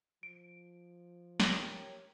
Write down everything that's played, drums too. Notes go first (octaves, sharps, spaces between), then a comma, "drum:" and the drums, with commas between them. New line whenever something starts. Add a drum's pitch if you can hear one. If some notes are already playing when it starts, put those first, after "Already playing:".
F3 D7
G4 A#4 C#5, drum: snare